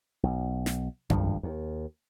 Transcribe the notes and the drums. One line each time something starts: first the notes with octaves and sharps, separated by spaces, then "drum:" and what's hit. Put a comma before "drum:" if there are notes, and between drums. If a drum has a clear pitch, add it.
B1
drum: snare
G#1 D2 G2 F3, drum: tom F#2
D#2